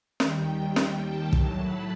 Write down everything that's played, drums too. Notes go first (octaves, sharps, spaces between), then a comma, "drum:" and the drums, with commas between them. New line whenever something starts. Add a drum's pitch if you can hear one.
D#2 D#3 G3 G5, drum: snare
drum: snare
A5
A2 F#3 A5, drum: kick
B5